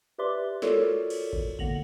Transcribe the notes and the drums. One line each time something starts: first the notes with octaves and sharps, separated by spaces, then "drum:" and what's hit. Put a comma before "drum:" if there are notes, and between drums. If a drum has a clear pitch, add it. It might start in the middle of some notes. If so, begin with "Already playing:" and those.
G4 B4 D5 E5 C6 D6
F4 F#4 A4 A#4 C#5 D5, drum: snare
drum: cymbal
drum: kick G#1
D3 A#3 F#5 A#6 F7 F#7, drum: kick G#1